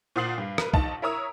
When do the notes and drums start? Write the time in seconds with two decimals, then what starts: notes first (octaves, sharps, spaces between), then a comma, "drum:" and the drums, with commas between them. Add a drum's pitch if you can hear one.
0.16 A#2 C5 F#5 D#6 C7 F#7
0.38 G2
0.58 A#4 B4, drum: rim click
0.74 A#1 D#4 A5, drum: kick
1.02 E4 A#4 C#5 A#5 D#6 E6